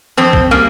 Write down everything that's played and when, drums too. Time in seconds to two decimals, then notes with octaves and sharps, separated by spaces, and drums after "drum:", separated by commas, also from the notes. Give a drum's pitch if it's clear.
0.17 F2 C4
0.33 drum: kick B1
0.51 C#3 G3 A#3